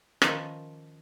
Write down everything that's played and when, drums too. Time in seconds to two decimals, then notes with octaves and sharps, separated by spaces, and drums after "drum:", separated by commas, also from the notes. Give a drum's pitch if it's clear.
0.22 D#3 F3 C#4 F4 B4 D#5, drum: rim click